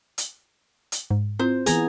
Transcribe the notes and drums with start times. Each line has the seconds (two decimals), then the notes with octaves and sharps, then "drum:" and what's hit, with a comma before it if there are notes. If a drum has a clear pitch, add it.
0.18 drum: hi-hat
0.92 drum: hi-hat
1.10 G#2
1.40 C4 E4 F4 C5
1.66 E3 B3 G#4 G#5 A#5, drum: hi-hat